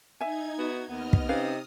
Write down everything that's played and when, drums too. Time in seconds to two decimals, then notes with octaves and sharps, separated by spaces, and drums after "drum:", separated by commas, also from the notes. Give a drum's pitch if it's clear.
0.20 D#4 E5 G#5 G#6
0.59 B3 F#4
0.89 D#2 B3 D#5 F6
1.13 drum: kick
1.29 C3 C4 C#4 D#4 B4 F5 D#6